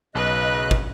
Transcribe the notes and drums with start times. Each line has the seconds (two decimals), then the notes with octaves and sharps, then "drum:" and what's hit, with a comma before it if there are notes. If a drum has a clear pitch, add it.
0.15 B1 C#3 B4 D#5 F#6
0.71 drum: kick